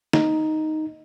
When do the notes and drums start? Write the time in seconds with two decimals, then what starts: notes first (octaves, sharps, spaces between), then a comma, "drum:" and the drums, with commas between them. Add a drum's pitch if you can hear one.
0.13 D#4, drum: snare